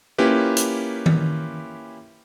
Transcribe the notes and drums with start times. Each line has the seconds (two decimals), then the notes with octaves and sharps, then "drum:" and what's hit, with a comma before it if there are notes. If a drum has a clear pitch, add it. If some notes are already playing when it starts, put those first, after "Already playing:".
0.18 A#3 C#4 E4 F4 G4 B4
0.57 drum: hi-hat
1.06 drum: tom D#3